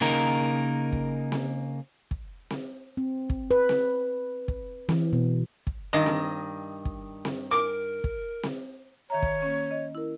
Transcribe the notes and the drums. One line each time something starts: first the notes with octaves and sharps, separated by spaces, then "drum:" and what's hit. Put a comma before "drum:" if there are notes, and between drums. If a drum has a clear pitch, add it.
C#3 A#3 D#4 A#4
drum: kick
drum: snare C4
drum: kick
drum: snare C4
C4
drum: kick
B4
drum: snare C4
drum: kick
E3, drum: snare C4
B2
drum: kick
G2 D#3 D#5
drum: snare C4
drum: kick
drum: snare C4
A#4 D6
drum: kick
drum: snare C4
D#3 C#5 E5 A#5
drum: kick
A#3 C#4
D#5
E4 A#4